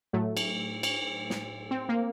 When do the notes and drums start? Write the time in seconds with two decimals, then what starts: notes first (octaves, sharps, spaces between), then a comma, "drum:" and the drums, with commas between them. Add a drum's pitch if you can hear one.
0.13 A2 F#3 A3
0.37 drum: cymbal
0.83 drum: cymbal
1.30 drum: snare
1.71 C4
1.89 A#3